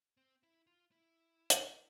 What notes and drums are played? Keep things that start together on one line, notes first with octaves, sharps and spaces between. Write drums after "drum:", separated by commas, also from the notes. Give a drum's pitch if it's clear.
C4
E4
F4
E4
drum: hi-hat